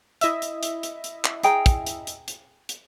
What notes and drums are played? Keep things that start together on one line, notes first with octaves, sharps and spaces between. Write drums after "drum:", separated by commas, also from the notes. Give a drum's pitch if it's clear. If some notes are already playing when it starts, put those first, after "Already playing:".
E4 D#5 E5, drum: hi-hat
drum: hi-hat
drum: hi-hat
drum: hi-hat
drum: hi-hat
drum: clap
G#4 G5 A#5, drum: hi-hat
drum: kick, hi-hat
drum: hi-hat
drum: hi-hat
drum: hi-hat
drum: hi-hat